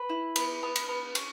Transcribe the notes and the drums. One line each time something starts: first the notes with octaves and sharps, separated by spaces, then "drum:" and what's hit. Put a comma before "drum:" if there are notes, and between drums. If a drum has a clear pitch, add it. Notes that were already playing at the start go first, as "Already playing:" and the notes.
Already playing: B4
E4
B3, drum: cymbal
B3
drum: cymbal
B3
C#4, drum: cymbal